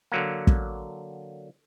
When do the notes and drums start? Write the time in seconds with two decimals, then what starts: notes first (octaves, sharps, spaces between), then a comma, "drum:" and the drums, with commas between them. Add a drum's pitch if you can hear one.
0.12 D3 F#3 A#3
0.47 drum: kick